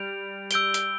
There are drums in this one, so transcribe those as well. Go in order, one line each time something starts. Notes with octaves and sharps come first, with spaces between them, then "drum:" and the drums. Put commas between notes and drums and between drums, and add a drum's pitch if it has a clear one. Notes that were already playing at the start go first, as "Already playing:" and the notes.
Already playing: G3 G6 D7 F7
E6 G6 D7 G7, drum: hi-hat
drum: hi-hat